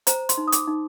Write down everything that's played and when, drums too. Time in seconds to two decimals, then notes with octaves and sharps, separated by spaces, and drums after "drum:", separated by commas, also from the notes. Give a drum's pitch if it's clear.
0.07 C5 A#5, drum: hi-hat
0.29 C6, drum: hi-hat
0.37 D#4
0.48 D#6
0.52 D6, drum: hi-hat
0.67 D#4